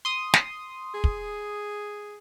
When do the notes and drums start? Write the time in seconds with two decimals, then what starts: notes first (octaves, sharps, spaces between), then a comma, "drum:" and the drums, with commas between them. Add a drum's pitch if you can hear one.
0.05 C6 D#6
0.34 drum: snare
0.94 G#4
1.04 drum: kick